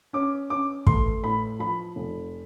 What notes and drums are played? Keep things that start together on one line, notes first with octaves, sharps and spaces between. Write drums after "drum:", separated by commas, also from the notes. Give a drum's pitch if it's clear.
C#4 D6
C#4 D6
A3 C6, drum: kick
A2 B5
F3 B5
F1